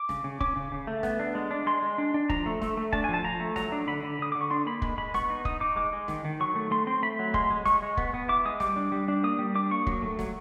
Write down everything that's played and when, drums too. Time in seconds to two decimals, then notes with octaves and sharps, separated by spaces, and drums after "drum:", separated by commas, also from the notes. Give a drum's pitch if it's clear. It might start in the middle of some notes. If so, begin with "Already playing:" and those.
Already playing: D6
0.09 C#3, drum: snare
0.24 C#3
0.40 C#4 D6, drum: kick
0.56 C#3
0.72 C#3
0.87 A3
1.03 B3, drum: snare
1.19 D4
1.35 G#3
1.51 D4
1.67 G#3 C6
1.83 G#3
1.98 D4
2.14 D4
2.30 F3 A#5, drum: kick
2.46 A3
2.62 A3, drum: snare
2.77 A3
2.93 D4 A5, drum: kick
3.04 G#5
3.09 F3
3.14 A5
3.24 F3 A#5
3.40 A3
3.56 F#3 A#5, drum: snare
3.72 D4
3.87 D3 B5
4.03 D3
4.19 D3 D#6
4.32 D3 D6
4.41 C#6
4.50 D4 C6
4.66 A#3 B5
4.82 G#3 B5, drum: kick
4.98 G#3 B5
5.14 B3 C#6, drum: snare
5.30 D#4
5.45 D#4 D#6, drum: kick
5.60 D#4 D6
5.76 G#3 D6
5.93 G#3
6.08 D#3, drum: snare
6.25 D#3
6.40 F#3 C#6
6.56 A3
6.71 A3 C6
6.87 C4 C6
7.03 A3 B5
7.19 F#3
7.34 G#3 C6, drum: kick
7.50 G#3
7.65 G#3 C#6, drum: snare
7.82 G#3
7.97 B3, drum: kick
8.14 B3
8.29 E4 D6
8.45 G#3 D#6
8.60 G3 D6, drum: snare
8.76 D4
8.92 G3
9.08 D4
9.23 A#3 D#6
9.39 G3
9.55 D4 D6
9.71 A#3 C#6
9.87 F#3, drum: kick
10.02 A3
10.19 F#3, drum: snare